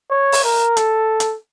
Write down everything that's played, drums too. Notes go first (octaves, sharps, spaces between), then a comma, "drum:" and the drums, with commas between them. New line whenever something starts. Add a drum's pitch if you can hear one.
C#5
drum: open hi-hat
A#4
A4, drum: hi-hat
drum: hi-hat